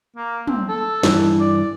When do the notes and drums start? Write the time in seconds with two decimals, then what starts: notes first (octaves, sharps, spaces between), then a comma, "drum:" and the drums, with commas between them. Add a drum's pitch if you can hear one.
0.17 A#3
0.47 C4, drum: tom
0.69 A4
1.03 G2 E3, drum: snare
1.40 D5